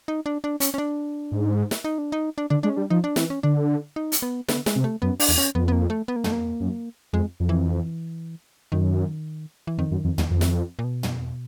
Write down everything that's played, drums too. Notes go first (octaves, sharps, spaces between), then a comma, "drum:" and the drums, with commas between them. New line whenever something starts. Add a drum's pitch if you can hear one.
D#4
D4
D4
C#4, drum: hi-hat
C#4
D4
G#2
drum: snare
D#4
D4
D#4
D4
D3 D4
G#3 D4
C#4
G3 D4
F3 D#4
D4
E3 C4, drum: snare
C#4
D3 D4
D#4
drum: hi-hat
B3
D3 B3, drum: snare
G#3, drum: snare
C3
A3
F#2 B3
D4, drum: open hi-hat
E2
C#4
F2 B3
B3
A#3
A3
B3
A#3
A3, drum: tom
A#3
F#2
F2 G#3
F2
E3
F#2 D#3
E3
F2 D#3
F#2
F2
E2, drum: tom
F2
drum: snare
A#2
B2
drum: tom